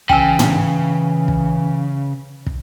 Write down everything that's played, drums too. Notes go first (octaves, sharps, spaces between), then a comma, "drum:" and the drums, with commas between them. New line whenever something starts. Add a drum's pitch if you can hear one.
C#3 E3 G5 G#5 E6, drum: kick
drum: tom
drum: kick
drum: kick